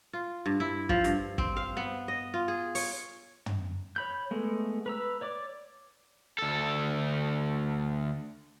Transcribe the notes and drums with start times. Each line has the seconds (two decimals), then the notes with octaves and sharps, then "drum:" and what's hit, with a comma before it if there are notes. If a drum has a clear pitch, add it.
0.13 F4
0.46 G2
0.60 E4
0.89 F3, drum: kick
1.04 G2, drum: hi-hat
1.38 C4, drum: kick
1.57 F5
1.77 B3
2.08 D#5
2.34 F4
2.48 G#4
2.75 C#5, drum: open hi-hat
3.46 drum: tom
3.96 C#5 B5 G6
4.31 G#3 A3 B3
4.86 B4 A#5 E6
5.21 C#5 D5 D6
6.38 D2 A4